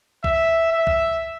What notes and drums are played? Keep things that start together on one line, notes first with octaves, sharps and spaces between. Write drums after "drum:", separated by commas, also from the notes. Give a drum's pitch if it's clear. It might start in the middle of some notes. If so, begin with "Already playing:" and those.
E5, drum: kick B1
E5
drum: kick B1